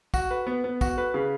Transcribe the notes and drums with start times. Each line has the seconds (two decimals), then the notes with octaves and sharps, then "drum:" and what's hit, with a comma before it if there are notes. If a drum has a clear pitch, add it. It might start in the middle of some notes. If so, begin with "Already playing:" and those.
0.14 F#4, drum: kick, tambourine
0.31 B4
0.47 B3
0.64 B3
0.81 F#4, drum: kick, tambourine
0.98 B4
1.14 C#3